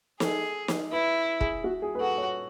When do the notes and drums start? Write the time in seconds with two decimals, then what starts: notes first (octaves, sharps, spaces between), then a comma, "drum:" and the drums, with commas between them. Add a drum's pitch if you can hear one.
0.20 G#4 A4, drum: snare
0.68 drum: snare
0.92 E4 B4
1.41 G#4, drum: kick
1.64 F#4
1.82 G#4
1.95 B4
2.00 F#4 A4
2.18 C#5